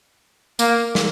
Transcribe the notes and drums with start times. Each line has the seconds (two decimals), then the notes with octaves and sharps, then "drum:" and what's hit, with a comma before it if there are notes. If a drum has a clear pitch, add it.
0.59 A#3, drum: tambourine
0.95 drum: snare